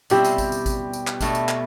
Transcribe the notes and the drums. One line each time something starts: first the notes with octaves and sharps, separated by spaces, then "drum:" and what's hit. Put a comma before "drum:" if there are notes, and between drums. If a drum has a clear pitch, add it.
B2 G3 C4 E4 G4, drum: tambourine
drum: tambourine
drum: kick G#1, tambourine
drum: tambourine
drum: kick G#1, tambourine
drum: tambourine
drum: clap
B2 A3 D4, drum: kick G#1, tambourine
drum: tambourine
drum: clap